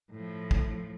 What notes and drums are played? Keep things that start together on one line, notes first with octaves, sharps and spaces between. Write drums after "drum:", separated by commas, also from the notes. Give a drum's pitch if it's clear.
A2 F3
drum: kick